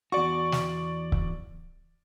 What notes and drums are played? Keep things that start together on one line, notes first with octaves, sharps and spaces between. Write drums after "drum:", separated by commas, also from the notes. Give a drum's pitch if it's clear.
E2 F#4 D5 C#6
drum: snare
drum: kick C#1